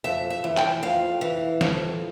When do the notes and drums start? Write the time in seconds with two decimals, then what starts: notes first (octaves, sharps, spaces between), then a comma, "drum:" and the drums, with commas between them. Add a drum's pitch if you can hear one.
0.04 F2 E5
0.30 E5
0.44 E3
0.57 G5, drum: clap
0.83 F2 F5
1.21 E3
1.61 F2, drum: snare F3